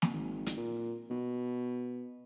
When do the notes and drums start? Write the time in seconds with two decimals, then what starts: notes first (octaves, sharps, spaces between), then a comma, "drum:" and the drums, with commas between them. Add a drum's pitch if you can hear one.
0.02 drum: snare
0.13 G#1
0.46 drum: hi-hat
0.57 A#2
1.10 B2